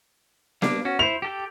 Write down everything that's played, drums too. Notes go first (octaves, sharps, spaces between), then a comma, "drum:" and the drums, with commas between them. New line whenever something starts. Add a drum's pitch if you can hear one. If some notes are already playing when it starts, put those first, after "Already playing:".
G3 A#3 D4, drum: snare B3
C#4 F#4
E4 C5 F7
G4 A4 G5